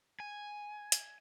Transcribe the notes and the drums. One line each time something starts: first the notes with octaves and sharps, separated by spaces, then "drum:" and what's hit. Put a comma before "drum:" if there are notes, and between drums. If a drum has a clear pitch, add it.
G#5
drum: hi-hat